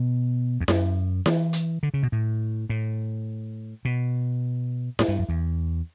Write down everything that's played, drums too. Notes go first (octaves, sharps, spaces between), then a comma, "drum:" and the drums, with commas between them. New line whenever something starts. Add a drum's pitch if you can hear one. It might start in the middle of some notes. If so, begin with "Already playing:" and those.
Already playing: B2
E2
F#2, drum: snare E4
E3, drum: snare E4
drum: hi-hat
D3
C#3
B2
A2
A2
B2
A2, drum: snare E4
G2
F#2
E2